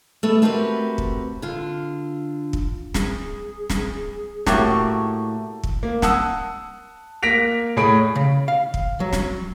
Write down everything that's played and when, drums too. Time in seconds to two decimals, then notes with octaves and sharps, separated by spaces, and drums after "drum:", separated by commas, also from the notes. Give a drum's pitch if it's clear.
0.23 A3 B3 A4
0.42 A3 C4 F#4 G4 A#4 B4
0.98 drum: kick
1.42 D3 F4
2.53 drum: kick
2.94 G#4, drum: snare
3.70 drum: snare
4.46 A2 A#3 F#4 G4, drum: snare
5.63 drum: kick
5.83 A#3
6.02 F#5 A5 D#6 E6, drum: snare
7.23 A#3 A#6 B6 D7 F7
7.77 A2 G#4 C#5 B5 D7
8.15 C#3
8.48 F5
8.74 drum: kick
9.00 F#3
9.13 drum: snare